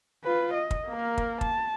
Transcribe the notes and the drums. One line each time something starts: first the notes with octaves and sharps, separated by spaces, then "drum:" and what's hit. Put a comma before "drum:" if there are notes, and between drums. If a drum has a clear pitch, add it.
F4 B4
D#5
drum: kick
A#3 A#4
drum: kick
A5, drum: kick